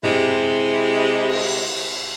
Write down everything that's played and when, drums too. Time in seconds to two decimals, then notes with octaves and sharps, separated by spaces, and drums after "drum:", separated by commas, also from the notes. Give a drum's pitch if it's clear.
0.03 C3 G#3 E4, drum: tom
1.29 drum: cymbal